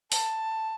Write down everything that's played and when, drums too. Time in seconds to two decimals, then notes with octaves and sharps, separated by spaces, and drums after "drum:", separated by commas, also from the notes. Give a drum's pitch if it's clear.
0.12 A5, drum: open hi-hat